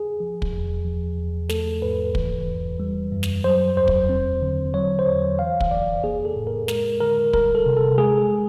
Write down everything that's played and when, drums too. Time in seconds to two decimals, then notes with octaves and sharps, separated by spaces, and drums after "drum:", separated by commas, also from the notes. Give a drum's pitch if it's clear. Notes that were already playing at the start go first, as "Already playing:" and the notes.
Already playing: G#4
0.20 F3
0.42 drum: kick
0.53 E2
0.85 F3
1.18 E2
1.49 A3 A4, drum: snare
1.82 G#2 B4
2.15 E3, drum: kick
2.47 E2
2.80 G3
3.12 F#2
3.23 drum: snare
3.44 F#3 C5
3.77 E2 C5
3.88 drum: kick
4.09 C4
4.41 D3
4.74 F#3 C#5
4.99 C5
5.06 E2 C#5
5.39 E3 F5
5.60 drum: kick
5.71 F2 D5
6.03 A#3 G#4
6.25 A4
6.36 A2
6.47 A#4
6.68 G#3 A#4, drum: snare
7.01 D3 A#4
7.33 G3 A#4, drum: kick
7.55 A4
7.66 C3
7.77 A4
7.98 G#3 G#4